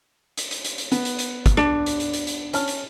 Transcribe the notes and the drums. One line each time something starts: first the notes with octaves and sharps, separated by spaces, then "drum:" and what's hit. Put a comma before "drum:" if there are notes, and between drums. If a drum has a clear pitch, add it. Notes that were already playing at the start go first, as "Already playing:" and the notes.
drum: hi-hat
drum: hi-hat
drum: hi-hat
drum: hi-hat
B3, drum: hi-hat
drum: hi-hat
drum: hi-hat
drum: kick, hi-hat
D4, drum: rim click
drum: hi-hat
drum: hi-hat
drum: hi-hat
drum: hi-hat
C#4 A5 F6, drum: hi-hat
drum: hi-hat